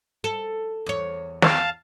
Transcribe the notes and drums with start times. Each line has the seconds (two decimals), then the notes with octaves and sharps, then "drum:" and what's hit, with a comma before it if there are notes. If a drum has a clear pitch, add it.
0.24 A4
0.86 E2 C#5
1.42 F5 A5, drum: snare